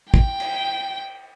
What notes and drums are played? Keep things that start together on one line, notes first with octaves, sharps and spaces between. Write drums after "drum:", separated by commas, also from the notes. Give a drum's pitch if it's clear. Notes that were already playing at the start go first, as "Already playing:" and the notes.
G5, drum: kick
drum: cymbal